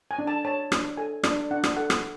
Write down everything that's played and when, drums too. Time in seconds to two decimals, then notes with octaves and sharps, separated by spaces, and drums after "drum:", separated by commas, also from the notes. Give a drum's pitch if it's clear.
0.11 G#5
0.19 D4
0.27 A5
0.45 C#5 A5
0.72 D4, drum: rim click
0.97 A4 G#5
1.23 D4 D5, drum: rim click
1.51 D4 F#5
1.64 drum: rim click
1.77 A4 F#5
1.90 drum: rim click